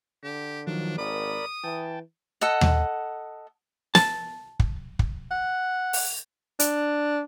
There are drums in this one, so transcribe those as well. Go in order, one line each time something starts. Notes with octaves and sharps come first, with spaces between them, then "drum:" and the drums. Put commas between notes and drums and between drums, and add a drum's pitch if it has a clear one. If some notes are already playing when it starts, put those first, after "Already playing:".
D3 G4
D#3 F3 F#3 D4
G#1 A#4 D5 B5 D#6
E3 G5 A5
A4 D#5 F#5
drum: tom D#2
A5, drum: snare
drum: kick
drum: kick
F#5
drum: open hi-hat
D4, drum: hi-hat